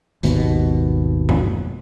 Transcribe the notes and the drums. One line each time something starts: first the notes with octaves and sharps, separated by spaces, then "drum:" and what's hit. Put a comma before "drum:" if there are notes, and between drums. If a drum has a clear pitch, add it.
G#1 D#2 B2, drum: hi-hat
drum: tom F#2